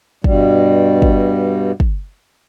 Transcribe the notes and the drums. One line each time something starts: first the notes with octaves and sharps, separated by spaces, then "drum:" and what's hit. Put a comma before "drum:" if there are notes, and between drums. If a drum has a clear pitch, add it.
G2 B2 G3, drum: kick
drum: kick
drum: kick